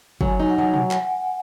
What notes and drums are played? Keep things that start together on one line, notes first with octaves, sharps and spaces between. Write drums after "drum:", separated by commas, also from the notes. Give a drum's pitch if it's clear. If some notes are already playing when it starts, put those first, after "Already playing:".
F#3 G#5, drum: kick
D#4
F#5
F#3
drum: tom B2
drum: clap